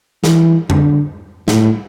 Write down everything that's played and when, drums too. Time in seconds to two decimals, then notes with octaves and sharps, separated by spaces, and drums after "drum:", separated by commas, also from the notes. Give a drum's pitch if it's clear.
0.24 E3, drum: snare
0.70 D3, drum: tom F2
1.48 A2, drum: snare